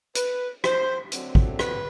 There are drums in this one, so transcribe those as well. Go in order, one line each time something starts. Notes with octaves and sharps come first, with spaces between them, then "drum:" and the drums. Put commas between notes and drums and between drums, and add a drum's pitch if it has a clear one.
B4, drum: hi-hat
C5, drum: rim click
D3 F#3 A3 C4, drum: hi-hat
drum: kick
B4, drum: rim click